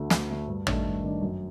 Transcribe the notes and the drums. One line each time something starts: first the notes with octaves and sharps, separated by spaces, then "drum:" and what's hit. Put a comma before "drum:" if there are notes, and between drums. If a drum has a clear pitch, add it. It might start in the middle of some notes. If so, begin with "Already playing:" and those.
Already playing: D2 D3 A3
D2, drum: snare
D3 A3
G2
D#3 A3 D4, drum: tom
G2
D#3 A3 D4
F#2